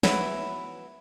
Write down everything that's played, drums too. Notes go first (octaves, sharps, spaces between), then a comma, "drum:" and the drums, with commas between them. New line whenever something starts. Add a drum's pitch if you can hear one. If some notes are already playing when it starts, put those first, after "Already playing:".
E3 F#3 B3 E4, drum: snare